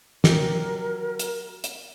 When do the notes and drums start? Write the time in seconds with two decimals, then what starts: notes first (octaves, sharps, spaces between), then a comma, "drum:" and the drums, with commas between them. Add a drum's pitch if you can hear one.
0.24 F#3 G4 A#4, drum: snare
1.19 drum: hi-hat
1.64 drum: hi-hat